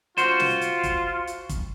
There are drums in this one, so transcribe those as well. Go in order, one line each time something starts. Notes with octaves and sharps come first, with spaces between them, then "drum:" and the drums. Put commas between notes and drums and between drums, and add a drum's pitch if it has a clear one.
F4 F#4 C5, drum: hi-hat
drum: snare
drum: hi-hat
drum: kick G1, hi-hat
drum: hi-hat
drum: kick G1, hi-hat